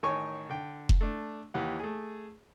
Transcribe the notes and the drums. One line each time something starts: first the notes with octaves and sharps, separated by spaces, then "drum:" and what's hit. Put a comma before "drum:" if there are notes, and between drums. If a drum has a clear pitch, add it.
A1 D#3 C#5 G#5 C#6
D3 G5
drum: kick F1
A3 D4
D#2 E3 G4 F#5
A3 G#4